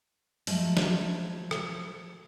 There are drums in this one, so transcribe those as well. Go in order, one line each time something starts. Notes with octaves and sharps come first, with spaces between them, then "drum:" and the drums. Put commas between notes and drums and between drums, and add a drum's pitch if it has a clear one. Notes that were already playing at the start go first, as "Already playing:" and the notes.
F3 F#3 G#3 A3, drum: open hi-hat
drum: snare
drum: rim click